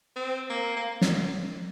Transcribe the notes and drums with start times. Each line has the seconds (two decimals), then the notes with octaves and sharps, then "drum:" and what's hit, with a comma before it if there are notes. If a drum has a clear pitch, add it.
0.16 C4
0.50 A#3
0.76 A#3
1.01 drum: snare